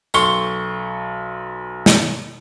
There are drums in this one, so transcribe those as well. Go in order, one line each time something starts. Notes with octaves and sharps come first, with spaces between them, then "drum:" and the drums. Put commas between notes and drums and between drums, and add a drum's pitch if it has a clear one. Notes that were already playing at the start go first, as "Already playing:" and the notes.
B1 A4 C6 C#6 C#7 G7, drum: tambourine
drum: snare